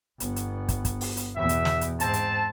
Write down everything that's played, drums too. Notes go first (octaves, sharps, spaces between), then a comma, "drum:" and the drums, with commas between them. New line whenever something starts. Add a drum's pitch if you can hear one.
G1 B3, drum: hi-hat
drum: hi-hat
drum: kick, hi-hat
drum: kick, hi-hat
drum: open hi-hat
drum: hi-hat
E2 B2 E5
drum: hi-hat
drum: snare
drum: hi-hat
G#2 C4 A5, drum: hi-hat
drum: hi-hat